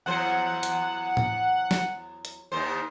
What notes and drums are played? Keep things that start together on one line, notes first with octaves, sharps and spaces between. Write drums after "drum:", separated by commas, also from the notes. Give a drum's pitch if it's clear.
E2 F#3 C5 F#5
drum: hi-hat
drum: tom A2
drum: snare
drum: hi-hat
D#2 D#3 C5